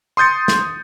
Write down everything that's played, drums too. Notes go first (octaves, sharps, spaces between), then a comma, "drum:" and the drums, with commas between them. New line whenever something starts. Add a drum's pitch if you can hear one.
C6 D#6 G6 A6 C#7
drum: snare